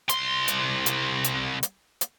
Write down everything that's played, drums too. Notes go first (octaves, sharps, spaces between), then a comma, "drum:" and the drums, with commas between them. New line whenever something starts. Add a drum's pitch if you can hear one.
C2 C6, drum: hi-hat
drum: hi-hat
drum: hi-hat
drum: hi-hat
drum: hi-hat
drum: hi-hat